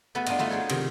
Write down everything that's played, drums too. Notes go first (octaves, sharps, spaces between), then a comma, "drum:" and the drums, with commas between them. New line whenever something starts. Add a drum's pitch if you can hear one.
A3 B3 F#4 B4
D4 D#4 F4 F#4 D#5, drum: cymbal
A3 D#4 F4 F#4
D4 G#4 C5 C#5
C3 D#3 F3, drum: cymbal